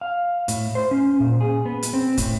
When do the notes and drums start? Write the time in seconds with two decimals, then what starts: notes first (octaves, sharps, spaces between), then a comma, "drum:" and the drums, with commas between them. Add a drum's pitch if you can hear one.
0.01 F5
0.48 A2, drum: hi-hat
0.75 C5
0.91 C#4
1.20 A#2
1.41 G#4
1.66 B3
1.83 drum: hi-hat
1.93 C4
2.18 A2, drum: kick, hi-hat